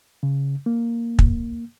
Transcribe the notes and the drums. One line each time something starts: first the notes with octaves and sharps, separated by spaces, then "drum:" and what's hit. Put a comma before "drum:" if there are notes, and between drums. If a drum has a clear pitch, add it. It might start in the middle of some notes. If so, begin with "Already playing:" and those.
C#3
A#3
drum: kick